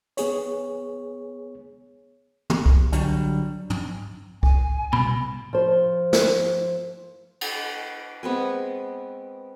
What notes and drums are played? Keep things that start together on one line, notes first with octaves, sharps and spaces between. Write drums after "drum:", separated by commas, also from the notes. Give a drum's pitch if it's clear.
B3 G#4 C#5, drum: hi-hat
drum: tom
drum: kick C2
D3 F#3 G3, drum: hi-hat
drum: tom
G#5, drum: kick C2
C2 G#2 B2 B5
F3 C5
drum: snare
drum: cymbal
G#3 B3 C4 G#5